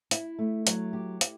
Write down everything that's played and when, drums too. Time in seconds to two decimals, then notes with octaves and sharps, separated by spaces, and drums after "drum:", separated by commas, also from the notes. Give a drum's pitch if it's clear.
0.11 E4, drum: hi-hat
0.39 A3
0.67 F#3, drum: hi-hat
0.93 G4
1.21 E4, drum: hi-hat